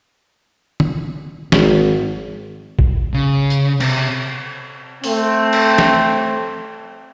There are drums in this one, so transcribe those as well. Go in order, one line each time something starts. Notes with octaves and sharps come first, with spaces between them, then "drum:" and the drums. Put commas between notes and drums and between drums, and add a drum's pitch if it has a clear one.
drum: tom
G#1, drum: snare
drum: kick A1
C#3
drum: tambourine
C3, drum: cymbal
A3 C4, drum: open hi-hat
drum: cymbal
drum: snare